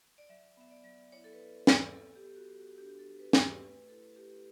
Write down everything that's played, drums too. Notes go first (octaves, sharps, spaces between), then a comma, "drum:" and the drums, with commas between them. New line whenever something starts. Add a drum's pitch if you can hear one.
D5
F#3 E5
B3 E5
D5
F#3
E4 C#5
A4
B4
F#3
B4
B3, drum: snare
A4
F#3 A4
G4
B3
F#4
F#3
F#4
D4 G4
G4
A4
F#3
B4
B3, drum: snare
B4
A3 B4
E4 A4
E4 G4